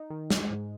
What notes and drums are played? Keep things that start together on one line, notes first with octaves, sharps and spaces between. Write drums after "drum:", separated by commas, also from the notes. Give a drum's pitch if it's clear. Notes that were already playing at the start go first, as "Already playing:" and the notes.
Already playing: D#4
D#3
G#3, drum: snare
G#2